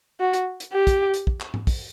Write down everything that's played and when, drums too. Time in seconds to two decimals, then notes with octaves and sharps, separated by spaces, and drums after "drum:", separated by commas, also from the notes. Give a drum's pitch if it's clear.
0.20 F#4
0.33 drum: hi-hat
0.60 drum: hi-hat
0.73 G4
0.87 drum: kick, hi-hat
1.14 drum: hi-hat
1.27 drum: kick
1.40 drum: clap
1.54 drum: tom G#2
1.67 drum: kick, open hi-hat